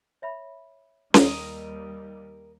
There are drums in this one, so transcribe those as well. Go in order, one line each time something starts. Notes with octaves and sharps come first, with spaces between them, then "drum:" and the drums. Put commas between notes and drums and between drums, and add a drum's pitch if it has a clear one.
C#5 E5 B5
D#2 G3 A#4 D#5, drum: snare C#4